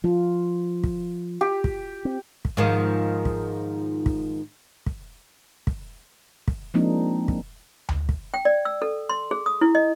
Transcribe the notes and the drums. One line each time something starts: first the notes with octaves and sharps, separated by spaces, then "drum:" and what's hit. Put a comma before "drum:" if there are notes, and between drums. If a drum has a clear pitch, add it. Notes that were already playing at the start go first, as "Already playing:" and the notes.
F3 F4
drum: kick
G4
drum: kick
C4
drum: kick
G#2 D#3 F3
drum: kick
drum: kick
drum: kick
drum: kick
drum: kick
F3 G#3 A#3 C4 D4 D#4
drum: kick
drum: tom D2
drum: kick
G5
D5
E6
A4
C6
G#4
D#6
E4
D#5